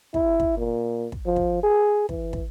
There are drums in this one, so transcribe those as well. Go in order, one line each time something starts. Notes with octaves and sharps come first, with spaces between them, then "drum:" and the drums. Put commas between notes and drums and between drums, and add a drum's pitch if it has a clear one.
E4, drum: kick
drum: kick
A#2
drum: kick
F3
drum: kick
G#4
E3, drum: kick
drum: kick